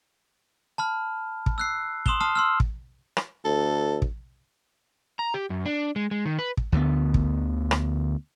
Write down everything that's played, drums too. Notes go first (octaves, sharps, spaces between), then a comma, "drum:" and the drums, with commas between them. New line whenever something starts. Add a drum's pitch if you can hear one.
A5 B5 F6
drum: kick
E6 F#6 C7
C6 D#6 E7 F7 G7, drum: kick
A5 C6 D#6 F6 C7
C6 E6 F6
drum: kick
drum: rim click
D2 A4
drum: kick
A#5
G4
F#2
D4
G#3
G#3
D#3
B4
drum: kick
D2 D3 E3 B3
drum: kick
drum: rim click